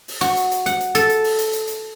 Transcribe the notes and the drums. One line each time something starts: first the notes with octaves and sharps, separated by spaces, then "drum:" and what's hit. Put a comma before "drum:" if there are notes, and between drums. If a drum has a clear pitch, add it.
drum: open hi-hat
F#4, drum: hi-hat
drum: hi-hat
drum: hi-hat
F#5, drum: hi-hat
drum: hi-hat
A4, drum: hi-hat
drum: hi-hat
drum: open hi-hat
drum: hi-hat
drum: hi-hat
drum: hi-hat